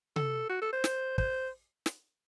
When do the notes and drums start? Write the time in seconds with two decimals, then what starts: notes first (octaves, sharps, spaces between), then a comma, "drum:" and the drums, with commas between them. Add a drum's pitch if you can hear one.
0.16 A4, drum: tom C3
0.50 F#4
0.62 A4
0.73 C5
0.84 drum: snare
1.18 C5, drum: kick
1.86 drum: snare